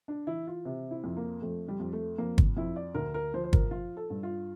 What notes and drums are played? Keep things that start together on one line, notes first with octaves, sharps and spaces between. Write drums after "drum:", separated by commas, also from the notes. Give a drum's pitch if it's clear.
D4
E3 E4
F4
C3
E4
F2
A#3
F2 A3
G3
F2
A3
F2 A#3
drum: kick G1
F2 E4
D5
D2 A#4
A#4
F3 C5
C5
A#4, drum: kick G1
F3 F4
A4
G2
F4